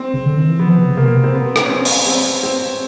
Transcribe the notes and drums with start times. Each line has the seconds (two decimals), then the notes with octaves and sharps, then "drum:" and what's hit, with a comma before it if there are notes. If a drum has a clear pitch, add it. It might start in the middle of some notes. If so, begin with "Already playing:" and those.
Already playing: C4
0.14 C#3
0.26 D3
0.37 D#3
0.49 E3
0.59 F3 B3
0.78 C#3
0.89 C#3
0.97 C3 A#3
1.06 B2
1.14 C3
1.24 C4
1.33 B3
1.56 drum: rim click
1.65 C#4
1.69 C4
1.85 drum: open hi-hat
2.07 C4
2.43 C4